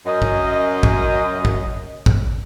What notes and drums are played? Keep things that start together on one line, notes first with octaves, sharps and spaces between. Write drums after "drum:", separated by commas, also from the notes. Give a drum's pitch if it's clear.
F#2 D#5
drum: kick
drum: kick
drum: kick
drum: kick